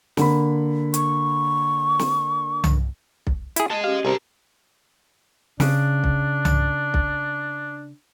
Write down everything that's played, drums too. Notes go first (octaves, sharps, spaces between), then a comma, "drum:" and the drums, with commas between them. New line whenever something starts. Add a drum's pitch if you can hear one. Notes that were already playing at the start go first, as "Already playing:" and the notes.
D3 A#3 B5, drum: snare
C#6, drum: hi-hat
drum: snare
drum: tom C2
drum: kick B1
E4 G#4, drum: hi-hat
G#4 D#5 A5
C#4 G4 F5
C2 G4 G#4 A#4 C5
C#3 D4, drum: snare
drum: kick B1
drum: tom C2
drum: kick B1